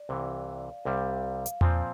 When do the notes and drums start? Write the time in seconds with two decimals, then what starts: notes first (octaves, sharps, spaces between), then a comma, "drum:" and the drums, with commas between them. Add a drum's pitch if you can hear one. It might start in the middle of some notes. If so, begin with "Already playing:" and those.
Already playing: D5
0.09 C2 C3 E3 F5
0.85 C2 C3 G3 F5
1.46 drum: hi-hat
1.61 A#2 F3 C4 C5, drum: tom E2